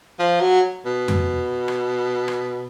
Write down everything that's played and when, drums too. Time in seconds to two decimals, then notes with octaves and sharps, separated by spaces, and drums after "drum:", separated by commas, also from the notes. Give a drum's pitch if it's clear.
0.19 F3
0.40 F#3
0.85 B2
1.08 drum: tom F2
1.68 drum: rim click
2.28 drum: rim click